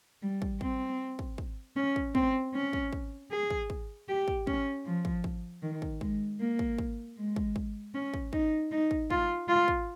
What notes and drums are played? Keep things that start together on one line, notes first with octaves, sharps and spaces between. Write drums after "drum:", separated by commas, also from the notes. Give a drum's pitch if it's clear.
G3
drum: kick
C4, drum: kick
drum: kick
drum: kick
C#4
drum: kick
C4, drum: kick
C#4
drum: kick
drum: kick
G#4
drum: kick
drum: kick
G4
drum: kick
C#4, drum: kick
F3
drum: kick
drum: kick
D#3
drum: kick
G#3, drum: kick
A#3
drum: kick
drum: kick
G#3
drum: kick
drum: kick
C#4
drum: kick
D#4, drum: kick
D#4
drum: kick
F4, drum: kick
F4
drum: kick